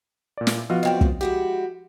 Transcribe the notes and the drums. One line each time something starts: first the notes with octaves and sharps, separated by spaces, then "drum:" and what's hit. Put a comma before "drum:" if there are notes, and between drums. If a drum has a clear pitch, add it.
A#2 D5
drum: snare
F3 B3 F4 F#4
F#2 C4 D5 D#5 G5
drum: kick
G#3 E4 F#4 G4